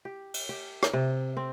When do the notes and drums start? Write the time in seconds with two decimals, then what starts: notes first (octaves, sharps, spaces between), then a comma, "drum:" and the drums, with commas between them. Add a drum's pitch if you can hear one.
0.05 G4
0.34 drum: cymbal
0.49 G4
0.83 drum: rim click
0.93 C3
1.37 C4